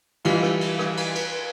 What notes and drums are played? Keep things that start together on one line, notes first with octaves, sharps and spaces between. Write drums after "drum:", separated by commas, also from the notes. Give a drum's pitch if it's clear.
E3 G3 F4, drum: cymbal
drum: rim click
drum: cymbal
drum: rim click
drum: cymbal
drum: cymbal